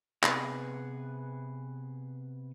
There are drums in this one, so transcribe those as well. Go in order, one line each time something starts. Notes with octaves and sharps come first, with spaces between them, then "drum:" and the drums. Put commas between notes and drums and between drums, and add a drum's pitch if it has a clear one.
C3 B3 G#4 B4, drum: clap